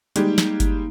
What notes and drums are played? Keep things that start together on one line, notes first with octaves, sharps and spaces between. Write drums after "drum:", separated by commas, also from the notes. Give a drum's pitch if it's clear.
G3 G#3 A#3 D#4 G4, drum: hi-hat
drum: snare
drum: kick G1, hi-hat